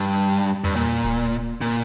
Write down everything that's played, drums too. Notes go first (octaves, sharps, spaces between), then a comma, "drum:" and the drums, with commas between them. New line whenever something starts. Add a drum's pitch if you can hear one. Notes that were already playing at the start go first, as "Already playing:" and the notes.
Already playing: G2
drum: hi-hat
G2, drum: tom E2
A#2
drum: hi-hat
drum: kick D1
drum: hi-hat
drum: hi-hat
A#2